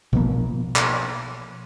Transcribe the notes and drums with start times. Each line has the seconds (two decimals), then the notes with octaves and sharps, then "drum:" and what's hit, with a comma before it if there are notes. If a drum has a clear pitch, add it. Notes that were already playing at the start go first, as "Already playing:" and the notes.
0.13 B2 F3 A#3, drum: kick
0.76 drum: clap